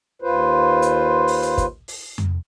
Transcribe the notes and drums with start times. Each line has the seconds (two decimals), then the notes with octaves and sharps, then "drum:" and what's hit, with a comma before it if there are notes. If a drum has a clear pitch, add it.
0.22 D#2 F4 B4 C5
0.82 drum: hi-hat
1.27 drum: open hi-hat
1.43 drum: hi-hat
1.58 drum: kick, hi-hat
1.88 drum: open hi-hat
2.18 drum: tom F2